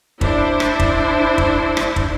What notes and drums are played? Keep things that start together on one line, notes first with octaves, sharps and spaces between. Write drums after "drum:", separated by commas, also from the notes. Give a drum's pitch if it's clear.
D4 E4 C5, drum: kick
drum: rim click
drum: kick
drum: kick
drum: rim click
drum: kick